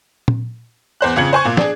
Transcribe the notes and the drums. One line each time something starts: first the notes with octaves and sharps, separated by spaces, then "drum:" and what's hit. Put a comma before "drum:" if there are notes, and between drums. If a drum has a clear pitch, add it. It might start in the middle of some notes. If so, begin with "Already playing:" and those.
drum: tom A#2
E2 C5 F#6
F2 C#3 F4 G#6 C#7 F#7
C5 G#5 C#6
A#2 F4
D4 G#4, drum: snare